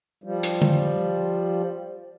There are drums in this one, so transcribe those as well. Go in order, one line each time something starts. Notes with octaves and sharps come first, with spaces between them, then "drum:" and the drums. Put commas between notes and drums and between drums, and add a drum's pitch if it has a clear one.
F3 G3
drum: hi-hat
drum: tom